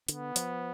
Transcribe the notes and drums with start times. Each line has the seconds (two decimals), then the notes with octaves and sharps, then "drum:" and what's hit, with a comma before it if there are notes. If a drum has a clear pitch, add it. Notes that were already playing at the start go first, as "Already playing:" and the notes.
0.08 D3 B3, drum: hi-hat
0.36 F3, drum: hi-hat